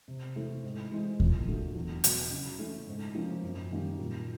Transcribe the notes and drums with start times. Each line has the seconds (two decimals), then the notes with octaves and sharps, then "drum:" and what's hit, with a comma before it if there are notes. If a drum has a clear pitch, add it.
0.08 C3
0.36 E3 A3 C4 E4
0.63 G#2
0.92 E3 G#3 C4
1.20 A#2, drum: kick D#2
1.47 F#3 A3 D4
1.75 E2
2.04 B2 F#3, drum: hi-hat
2.31 C#3
2.59 E3 A3 C#4
2.88 G#2
3.15 F3 A#3 C#4
3.43 F#2
3.71 D#3 G3 A#3 C#4
3.99 A#2